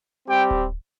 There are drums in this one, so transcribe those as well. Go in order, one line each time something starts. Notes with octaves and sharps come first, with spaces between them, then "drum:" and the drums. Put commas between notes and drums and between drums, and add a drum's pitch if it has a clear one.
G3 C4 G4 G5
drum: kick D1